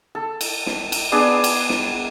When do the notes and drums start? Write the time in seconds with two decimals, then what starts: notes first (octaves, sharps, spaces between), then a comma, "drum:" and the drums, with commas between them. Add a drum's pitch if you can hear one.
0.15 A4
0.41 drum: cymbal
0.66 drum: snare
0.92 drum: cymbal
1.12 B3 D4 G#4
1.44 drum: cymbal
1.69 drum: snare